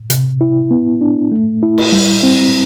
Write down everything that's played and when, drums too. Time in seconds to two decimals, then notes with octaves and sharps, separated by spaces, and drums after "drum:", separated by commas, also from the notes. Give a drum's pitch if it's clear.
0.10 C3, drum: hi-hat
0.41 E4
0.71 B3
1.01 D4
1.32 A3
1.63 E4
1.78 drum: cymbal
1.92 G3
2.23 C4